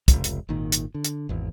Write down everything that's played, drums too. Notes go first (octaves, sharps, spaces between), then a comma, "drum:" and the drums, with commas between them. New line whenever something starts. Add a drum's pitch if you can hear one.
F1 C#2, drum: kick, hi-hat
drum: hi-hat
G#1 A#2 D#3
drum: hi-hat
D3
drum: hi-hat
G#1 E2